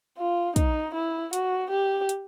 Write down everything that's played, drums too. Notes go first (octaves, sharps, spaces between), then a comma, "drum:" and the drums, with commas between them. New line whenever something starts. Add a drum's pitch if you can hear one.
F4
D#4, drum: kick, hi-hat
E4
F#4, drum: hi-hat
G4
drum: hi-hat